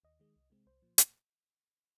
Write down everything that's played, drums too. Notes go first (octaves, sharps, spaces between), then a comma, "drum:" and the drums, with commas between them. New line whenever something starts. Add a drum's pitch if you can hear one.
D#2 D#5
D#3 G#3
C2
C3 G#3 C4
C2 C5
A#2 F3
A#2, drum: hi-hat